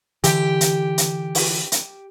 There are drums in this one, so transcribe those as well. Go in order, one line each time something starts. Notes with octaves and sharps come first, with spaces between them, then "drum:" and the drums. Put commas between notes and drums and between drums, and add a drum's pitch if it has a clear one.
D3 E3 G4, drum: hi-hat
drum: hi-hat
drum: hi-hat
drum: open hi-hat
drum: hi-hat